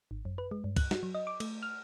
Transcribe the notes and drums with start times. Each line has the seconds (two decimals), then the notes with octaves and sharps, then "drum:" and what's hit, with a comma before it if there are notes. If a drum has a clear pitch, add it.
0.11 G#1
0.25 F#2
0.38 B4
0.51 G#3
0.64 G2
0.76 F#6, drum: kick, cymbal
0.91 F#4, drum: snare
1.03 F#3
1.15 D#5
1.27 D6
1.40 A3, drum: cymbal
1.63 F6